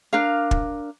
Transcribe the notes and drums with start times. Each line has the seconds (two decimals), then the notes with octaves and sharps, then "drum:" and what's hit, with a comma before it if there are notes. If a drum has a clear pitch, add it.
0.13 D4 A#4 F5
0.51 drum: kick